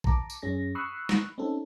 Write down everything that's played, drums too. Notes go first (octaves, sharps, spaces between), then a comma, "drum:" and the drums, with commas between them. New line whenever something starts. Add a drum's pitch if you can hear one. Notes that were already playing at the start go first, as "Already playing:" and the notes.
A5 A#5 D6, drum: kick A#1
drum: tambourine
F#2 C#4 G#4 A#6
B5 C#6 D#6 E6 F#6 C7
drum: snare
C4 C#4 D#4 A4